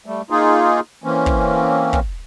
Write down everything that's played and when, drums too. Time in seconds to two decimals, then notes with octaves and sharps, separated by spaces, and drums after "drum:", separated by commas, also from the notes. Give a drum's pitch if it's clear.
0.06 G3 A3
0.30 A#3 D#4 F4 G#4
1.04 E3 A#3 C4 C#4
1.26 drum: kick
1.93 drum: kick